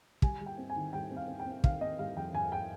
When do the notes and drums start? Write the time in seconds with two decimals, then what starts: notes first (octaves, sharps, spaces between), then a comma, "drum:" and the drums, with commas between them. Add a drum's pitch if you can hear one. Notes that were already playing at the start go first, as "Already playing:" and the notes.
0.22 G3 G#5, drum: kick
0.41 G3
0.46 G5
0.58 C4
0.70 G#5
0.76 D#3
0.93 G3 G5
1.11 C4
1.17 F5
1.28 C4
1.40 G5
1.46 C4
1.64 D#3 F5, drum: kick
1.81 C4 D#5
1.99 G3 F5
2.16 F2 G5
2.33 F2 G#5
2.52 G5